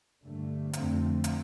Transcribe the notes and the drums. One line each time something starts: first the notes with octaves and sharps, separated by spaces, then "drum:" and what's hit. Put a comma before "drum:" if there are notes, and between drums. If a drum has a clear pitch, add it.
G2 D3 A3
F2 D3 A3 C4, drum: hi-hat
drum: hi-hat